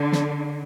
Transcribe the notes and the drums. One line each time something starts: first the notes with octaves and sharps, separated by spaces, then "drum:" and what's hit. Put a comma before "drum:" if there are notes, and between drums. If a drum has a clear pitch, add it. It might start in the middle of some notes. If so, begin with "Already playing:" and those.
Already playing: D3
drum: snare